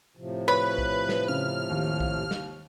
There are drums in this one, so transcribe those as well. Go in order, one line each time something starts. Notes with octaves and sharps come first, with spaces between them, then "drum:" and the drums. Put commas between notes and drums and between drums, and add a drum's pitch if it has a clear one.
A2 C3 F3
B4 C#5 B5
drum: kick
drum: snare
C#3 F6
D#2
drum: kick
drum: snare